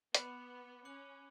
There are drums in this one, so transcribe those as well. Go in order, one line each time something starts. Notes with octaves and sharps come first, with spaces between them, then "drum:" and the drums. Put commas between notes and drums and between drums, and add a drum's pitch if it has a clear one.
B3 B5 D6 F#6 C#7 E7, drum: hi-hat
C#4 D6 F#6 C#7 F#7